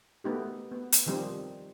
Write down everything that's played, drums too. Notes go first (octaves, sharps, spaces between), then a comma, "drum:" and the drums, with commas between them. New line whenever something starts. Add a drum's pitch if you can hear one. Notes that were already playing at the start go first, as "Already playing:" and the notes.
A3 B3 D#4 G4
B3
drum: hi-hat
D#3 F3 G3 C4 D#4